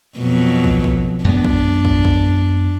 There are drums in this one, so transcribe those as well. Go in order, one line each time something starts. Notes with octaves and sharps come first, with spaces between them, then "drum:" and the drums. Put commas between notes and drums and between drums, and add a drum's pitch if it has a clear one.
F2 B2 F#3
drum: kick
drum: kick
F#2 G#3 B3 D4
drum: kick
drum: kick
drum: kick